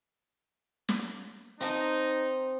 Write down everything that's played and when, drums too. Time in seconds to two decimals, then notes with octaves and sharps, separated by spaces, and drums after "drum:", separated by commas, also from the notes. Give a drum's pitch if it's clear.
0.89 drum: snare
1.60 C4 D#4 A5 A#5, drum: hi-hat